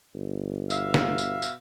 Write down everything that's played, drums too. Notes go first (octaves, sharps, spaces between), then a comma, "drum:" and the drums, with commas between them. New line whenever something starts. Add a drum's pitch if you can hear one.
G1
B2 E5 F5, drum: tambourine
drum: snare
drum: tambourine
drum: tambourine